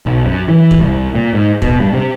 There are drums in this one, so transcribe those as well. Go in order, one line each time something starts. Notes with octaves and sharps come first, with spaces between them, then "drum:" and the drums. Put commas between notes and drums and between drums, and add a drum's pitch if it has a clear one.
B1
F#2
E3
drum: kick
C2
A#2
G#2
B2, drum: kick
G2
C3